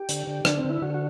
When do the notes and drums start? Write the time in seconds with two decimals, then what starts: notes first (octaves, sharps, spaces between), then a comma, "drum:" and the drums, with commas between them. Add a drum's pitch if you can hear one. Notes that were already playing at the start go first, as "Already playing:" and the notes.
Already playing: G4
0.09 D3, drum: hi-hat
0.27 D3
0.45 D3 D4, drum: rim click
0.57 C4
0.64 D3
0.69 E4
0.82 D3 F#4
0.94 F#4